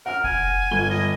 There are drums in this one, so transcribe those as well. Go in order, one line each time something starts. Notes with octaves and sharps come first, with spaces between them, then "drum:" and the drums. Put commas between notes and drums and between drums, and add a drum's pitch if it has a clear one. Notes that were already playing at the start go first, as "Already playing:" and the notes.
A#4 F#5 F6
G#5, drum: kick F1
G1 G7
D#5